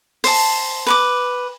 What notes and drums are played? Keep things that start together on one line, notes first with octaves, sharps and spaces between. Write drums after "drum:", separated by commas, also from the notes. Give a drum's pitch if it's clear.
C5 A5, drum: open hi-hat
B4 C#6 D6